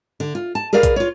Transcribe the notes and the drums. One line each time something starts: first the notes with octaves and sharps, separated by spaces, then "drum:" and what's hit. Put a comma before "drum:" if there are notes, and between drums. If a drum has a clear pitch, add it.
D3
F4
A5
G#4 A#4 B4 D5 F5
drum: kick A#1, hi-hat
F4 C#5